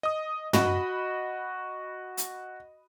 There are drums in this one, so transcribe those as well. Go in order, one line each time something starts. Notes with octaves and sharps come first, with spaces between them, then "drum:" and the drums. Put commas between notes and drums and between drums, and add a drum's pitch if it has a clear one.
D#5 D#6
F#4 D#5 B5, drum: tom
drum: hi-hat